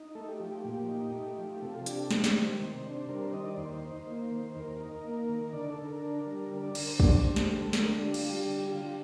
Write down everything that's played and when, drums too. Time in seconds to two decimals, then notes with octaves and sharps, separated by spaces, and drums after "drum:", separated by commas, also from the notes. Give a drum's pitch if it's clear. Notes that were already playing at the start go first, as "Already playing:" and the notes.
Already playing: D#4
0.15 A3 A4
0.28 G4
0.40 F3 G4
0.52 G4
0.65 A#2 G4
0.89 D#4
1.13 A3
1.38 F3
1.61 C3 A4
1.74 F4
1.86 D4 G4, drum: hi-hat
1.99 A4
2.11 G3 C5, drum: snare
2.24 drum: snare
2.35 D#3
2.60 C3
2.85 D4
3.09 G3 A#4
3.21 C5
3.33 D#3 D#5
3.45 D5
3.57 D#2 C5
3.82 D#4
4.07 A#3
4.31 D#3
4.55 D#2 A#4
4.80 D#4
5.04 A#3
5.29 D#3
5.53 D3 D5
5.70 A4
5.78 D3
5.85 A#4
6.02 D4
6.27 G3
6.51 D3
6.63 D5
6.75 D3 A#4, drum: cymbal
6.87 C5
7.00 D4 D5, drum: kick
7.12 C5
7.24 G3 C5
7.36 A4, drum: snare
7.48 D3 C5
7.61 A4
7.73 D3 A#4, drum: snare
7.85 A4
7.98 D4 G4
8.14 F4, drum: cymbal
8.22 G3
8.30 G4
8.46 D3 G4
8.59 G4
8.71 D3 F4
8.84 G4